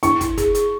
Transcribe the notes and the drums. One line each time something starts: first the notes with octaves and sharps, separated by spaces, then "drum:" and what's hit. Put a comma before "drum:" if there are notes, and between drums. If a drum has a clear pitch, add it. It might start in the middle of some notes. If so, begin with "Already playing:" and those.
E4 C#6, drum: hi-hat
E4, drum: kick, hi-hat
G#4, drum: kick, hi-hat
G#4, drum: hi-hat